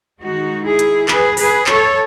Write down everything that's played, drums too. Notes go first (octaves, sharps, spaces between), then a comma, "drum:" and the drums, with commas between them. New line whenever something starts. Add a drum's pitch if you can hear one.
D#3 G#3 D#4 F#4
E4 G#4
drum: hi-hat
G#4 B4, drum: clap
G#4 B4, drum: open hi-hat
A4 C#5, drum: clap